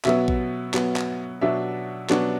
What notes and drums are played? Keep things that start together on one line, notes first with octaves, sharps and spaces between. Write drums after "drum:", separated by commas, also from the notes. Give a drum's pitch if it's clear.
B2 F#3 B3 E5, drum: clap
drum: kick A1
B2 F#3 B3, drum: clap
drum: clap
B2 F#3 B3 D4 E5
B2 F#3 B3 D4, drum: clap